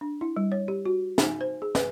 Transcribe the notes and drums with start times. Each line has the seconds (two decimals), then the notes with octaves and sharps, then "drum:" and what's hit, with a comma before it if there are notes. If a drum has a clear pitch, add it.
0.01 D4
0.21 E4
0.37 G3
0.52 C#5
0.68 G4
0.86 F#4
1.18 D#4, drum: snare
1.41 C5
1.62 G#4
1.75 B4, drum: snare